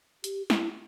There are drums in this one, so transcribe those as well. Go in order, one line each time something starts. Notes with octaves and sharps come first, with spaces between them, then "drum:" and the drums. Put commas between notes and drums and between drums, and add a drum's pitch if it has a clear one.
G4, drum: hi-hat
E4, drum: snare